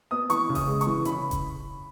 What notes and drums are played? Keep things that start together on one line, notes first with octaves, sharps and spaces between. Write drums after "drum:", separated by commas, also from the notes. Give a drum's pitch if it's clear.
B3 D#6
E3 C#6, drum: hi-hat
C#3
D#6, drum: kick E1, open hi-hat
G#3
C#6, drum: hi-hat
E3
C#3 B5, drum: hi-hat
drum: kick E1, hi-hat